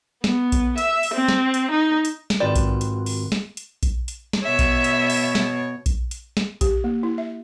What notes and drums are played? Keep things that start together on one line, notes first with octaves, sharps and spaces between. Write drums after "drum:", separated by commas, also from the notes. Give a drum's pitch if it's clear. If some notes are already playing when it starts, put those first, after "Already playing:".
B3, drum: snare
drum: kick A#1, hi-hat
E5, drum: hi-hat
drum: open hi-hat
C4
drum: snare
drum: hi-hat
D#4
drum: hi-hat
drum: snare
G#1 C4 F4 F#4 B4 D5 G5
drum: kick A#1, hi-hat
drum: hi-hat
drum: open hi-hat
drum: snare
drum: hi-hat
drum: kick A#1, hi-hat
drum: hi-hat
drum: snare
B2 C#5 E5
drum: kick A#1, hi-hat
drum: hi-hat
drum: open hi-hat
drum: snare
drum: kick A#1, hi-hat
drum: hi-hat
drum: snare
G4, drum: kick A#1, hi-hat
A#3
E4
E5